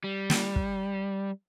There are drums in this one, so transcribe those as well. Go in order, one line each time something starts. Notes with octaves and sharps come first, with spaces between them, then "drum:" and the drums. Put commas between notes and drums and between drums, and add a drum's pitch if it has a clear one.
G3
drum: snare
drum: kick